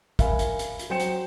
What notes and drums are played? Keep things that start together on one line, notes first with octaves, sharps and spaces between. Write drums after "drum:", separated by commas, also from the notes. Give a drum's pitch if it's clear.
A#4 E5 F5 G#5 B5, drum: kick, hi-hat
drum: hi-hat
drum: hi-hat
drum: hi-hat
F#3 C5 G5 C#7 E7
drum: hi-hat